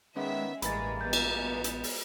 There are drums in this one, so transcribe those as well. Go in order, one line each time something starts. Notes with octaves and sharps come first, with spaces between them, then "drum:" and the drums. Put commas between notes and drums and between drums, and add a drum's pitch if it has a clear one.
D#3 G#3 B3 C#4 E5
A1 G2 E3 G#3 A#3 B5 A6, drum: hi-hat
G#3 B3 G6 A6
drum: cymbal
drum: hi-hat
drum: open hi-hat